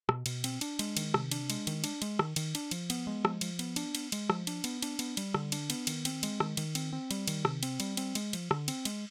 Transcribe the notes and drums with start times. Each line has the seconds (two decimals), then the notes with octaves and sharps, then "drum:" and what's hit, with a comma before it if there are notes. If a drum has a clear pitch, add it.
0.09 B2, drum: rim click
0.26 B2, drum: cymbal
0.44 C4, drum: cymbal
0.61 D4, drum: cymbal
0.79 G#3, drum: cymbal
0.97 D#3, drum: cymbal
1.14 C3, drum: rim click
1.31 D4, drum: cymbal
1.50 G#3, drum: cymbal
1.67 D#3, drum: cymbal
1.84 D4, drum: cymbal
2.02 G#3, drum: cymbal
2.19 D#3, drum: rim click
2.36 D#3, drum: cymbal
2.55 D4, drum: cymbal
2.71 F3, drum: cymbal
2.90 B3, drum: cymbal
3.07 G#3
3.25 F3, drum: rim click
3.41 F3, drum: cymbal
3.59 B3, drum: cymbal
3.76 D4, drum: cymbal
3.95 B3, drum: cymbal
4.12 G#3, drum: cymbal
4.30 F3, drum: rim click
4.47 D4, drum: cymbal
4.64 B3, drum: cymbal
4.82 D4, drum: cymbal
4.99 B3, drum: cymbal
5.17 G3, drum: cymbal
5.34 D3, drum: rim click
5.52 D4, drum: cymbal
5.70 B3, drum: cymbal
5.87 D#3, drum: cymbal
6.05 C4, drum: cymbal
6.23 G#3, drum: cymbal
6.40 D#3, drum: rim click
6.57 D#3, drum: cymbal
6.75 C4, drum: cymbal
6.93 C4
7.11 G3, drum: cymbal
7.27 D#3, drum: cymbal
7.45 C3, drum: rim click
7.63 C4, drum: cymbal
7.80 G3, drum: cymbal
7.97 C4, drum: cymbal
8.15 G#3, drum: cymbal
8.33 F3, drum: cymbal
8.51 D3, drum: rim click
8.68 C4, drum: cymbal
8.85 G#3, drum: cymbal